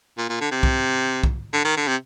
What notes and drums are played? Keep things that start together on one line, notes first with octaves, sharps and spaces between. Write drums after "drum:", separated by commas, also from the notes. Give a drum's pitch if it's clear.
A#2
A#2
D3
C3
drum: kick
drum: kick
D3
D#3
D3
C3